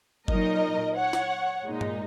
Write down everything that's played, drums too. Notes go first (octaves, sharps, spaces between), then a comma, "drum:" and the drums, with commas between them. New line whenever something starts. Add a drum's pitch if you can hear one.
A#2 F#3 D#4 A#4 D#5, drum: kick F#1
C#5 F#5
drum: snare
A#2 G#3 D#4
drum: tom G2